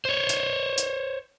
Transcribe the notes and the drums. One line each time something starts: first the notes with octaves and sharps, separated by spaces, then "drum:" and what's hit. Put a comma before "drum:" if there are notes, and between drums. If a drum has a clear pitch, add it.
C5 C#5
drum: hi-hat
drum: hi-hat